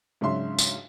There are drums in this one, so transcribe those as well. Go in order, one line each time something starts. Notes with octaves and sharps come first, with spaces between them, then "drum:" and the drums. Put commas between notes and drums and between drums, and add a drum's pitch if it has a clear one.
G#2 C#3 F#3 D4 E5 C6
drum: tambourine